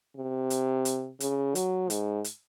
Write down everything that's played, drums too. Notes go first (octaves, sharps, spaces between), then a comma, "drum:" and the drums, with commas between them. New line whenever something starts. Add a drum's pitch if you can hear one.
C3
drum: hi-hat
drum: hi-hat
C#3, drum: hi-hat
F#3, drum: hi-hat
G#2, drum: hi-hat
drum: hi-hat